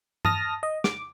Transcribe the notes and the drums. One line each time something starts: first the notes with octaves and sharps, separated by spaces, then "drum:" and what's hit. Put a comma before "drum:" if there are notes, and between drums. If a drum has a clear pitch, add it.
A5 D#6 F6 A#6, drum: tom G2
D#5
D6, drum: snare